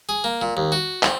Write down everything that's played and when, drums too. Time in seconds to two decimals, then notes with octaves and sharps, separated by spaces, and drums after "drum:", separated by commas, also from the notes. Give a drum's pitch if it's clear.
0.09 G#4
0.24 A#3
0.42 A#2
0.57 D#2
0.72 F#4
1.03 C4, drum: clap